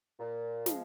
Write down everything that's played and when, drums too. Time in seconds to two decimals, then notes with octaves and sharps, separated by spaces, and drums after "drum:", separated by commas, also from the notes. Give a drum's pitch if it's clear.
0.19 A#2
0.66 F3 G#3, drum: snare